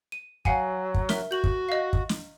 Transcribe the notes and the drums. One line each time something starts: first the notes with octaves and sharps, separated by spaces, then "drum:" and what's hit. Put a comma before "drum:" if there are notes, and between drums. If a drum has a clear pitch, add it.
D#7
F#3 F5 F#5 G#5, drum: kick
drum: kick
A#4 E5, drum: snare
F#4 G6 F#7
drum: kick
D#5 F5
drum: kick
drum: snare